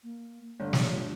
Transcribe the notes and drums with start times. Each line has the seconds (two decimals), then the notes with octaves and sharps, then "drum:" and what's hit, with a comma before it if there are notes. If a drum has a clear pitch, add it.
0.03 A#3
0.60 G1 G3 A3 D4 C#5
0.73 drum: snare
0.90 F4